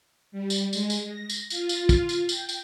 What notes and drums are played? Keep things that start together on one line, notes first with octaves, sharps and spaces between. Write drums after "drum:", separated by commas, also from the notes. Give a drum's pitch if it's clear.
G3
drum: tambourine
G#3, drum: tambourine
drum: tambourine
A#6
drum: tambourine
F4, drum: tambourine
drum: tambourine
drum: kick, tambourine
drum: tambourine
G5, drum: tambourine
drum: tambourine